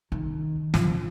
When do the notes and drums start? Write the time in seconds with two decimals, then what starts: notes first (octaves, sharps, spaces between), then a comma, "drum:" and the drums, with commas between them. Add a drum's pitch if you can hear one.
0.12 D#3
0.74 F3, drum: snare